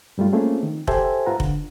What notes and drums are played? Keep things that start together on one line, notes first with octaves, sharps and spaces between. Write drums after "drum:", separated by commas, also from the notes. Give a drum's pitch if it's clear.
G2 G3 A3 F4
A3 A#3 C4 C#4 F4 G#4
D#3
G4 A4 C5 E5 G#5 A5, drum: kick F1
G#2 F4 B4 F#5 A#5
D3, drum: kick F1